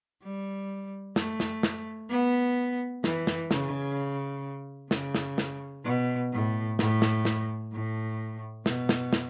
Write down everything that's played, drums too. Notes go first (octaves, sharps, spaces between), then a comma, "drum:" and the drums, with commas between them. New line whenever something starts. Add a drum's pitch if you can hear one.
G3
A3, drum: snare
drum: snare
drum: snare
B3
E3, drum: snare
drum: snare
C#3, drum: snare
C#3, drum: snare
drum: snare
drum: snare
B2
A2
A2, drum: snare
drum: snare
drum: snare
A2
B2, drum: snare
drum: snare
drum: snare